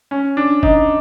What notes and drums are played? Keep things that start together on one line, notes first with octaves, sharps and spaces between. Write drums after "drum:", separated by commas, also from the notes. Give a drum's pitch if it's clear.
C#4
D4
D#4, drum: kick F1